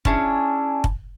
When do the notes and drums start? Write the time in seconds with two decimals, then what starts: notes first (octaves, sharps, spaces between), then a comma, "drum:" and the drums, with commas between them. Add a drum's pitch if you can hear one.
0.05 C#4 D4 E4 G#4, drum: kick
0.84 drum: kick